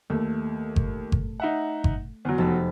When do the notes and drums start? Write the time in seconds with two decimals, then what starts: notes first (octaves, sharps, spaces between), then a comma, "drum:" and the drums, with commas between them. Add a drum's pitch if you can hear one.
0.10 D#2 A3
0.76 drum: kick G1
1.12 drum: kick G1
1.40 D#4 E5 F#5
1.84 drum: kick G1
2.25 E2 F#3
2.38 F1 A5 B6